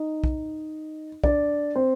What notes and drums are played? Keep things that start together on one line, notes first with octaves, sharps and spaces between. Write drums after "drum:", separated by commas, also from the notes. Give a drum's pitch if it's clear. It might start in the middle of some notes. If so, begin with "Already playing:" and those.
Already playing: D#4 D#5
drum: kick B1
D4 D5, drum: kick B1
C4 C5